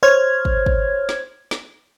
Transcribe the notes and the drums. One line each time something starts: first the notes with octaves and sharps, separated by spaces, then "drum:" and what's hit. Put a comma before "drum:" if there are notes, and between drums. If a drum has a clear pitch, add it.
C5 C#5 F6 G#6
drum: kick
drum: kick
drum: snare
drum: snare